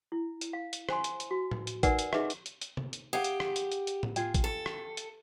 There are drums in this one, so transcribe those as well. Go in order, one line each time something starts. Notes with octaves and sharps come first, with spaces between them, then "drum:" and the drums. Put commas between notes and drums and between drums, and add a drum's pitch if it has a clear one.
E4
drum: hi-hat
F5
drum: hi-hat
C5 G#5 C6, drum: rim click
drum: hi-hat
drum: hi-hat
F#4
drum: tom A2
drum: hi-hat
D#4 A#4 B4 D5 F#5 G#5, drum: kick, hi-hat
drum: hi-hat
D#4 G#4 B4 D#5 E5, drum: rim click
drum: hi-hat
drum: hi-hat
drum: hi-hat
drum: tom C3
drum: hi-hat
G4 G#4 F5 F#5
drum: hi-hat
drum: rim click
drum: hi-hat
drum: hi-hat
drum: hi-hat
drum: tom A2
F4 G#4 G5, drum: hi-hat
drum: kick, hi-hat
A4
drum: rim click
drum: hi-hat